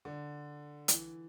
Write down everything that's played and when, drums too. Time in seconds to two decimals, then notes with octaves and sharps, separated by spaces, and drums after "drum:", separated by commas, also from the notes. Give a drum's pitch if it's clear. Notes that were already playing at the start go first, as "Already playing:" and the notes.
0.05 D3
0.88 E3, drum: hi-hat